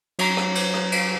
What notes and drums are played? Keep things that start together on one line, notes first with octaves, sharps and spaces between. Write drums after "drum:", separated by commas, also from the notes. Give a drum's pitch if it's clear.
F#3 C#5 A#5, drum: cymbal
drum: rim click
drum: cymbal
drum: rim click
drum: cymbal